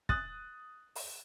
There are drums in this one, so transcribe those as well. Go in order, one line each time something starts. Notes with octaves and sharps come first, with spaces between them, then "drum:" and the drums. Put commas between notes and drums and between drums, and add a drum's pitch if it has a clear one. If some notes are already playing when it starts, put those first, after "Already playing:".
D#6 F#6 A6, drum: kick
drum: open hi-hat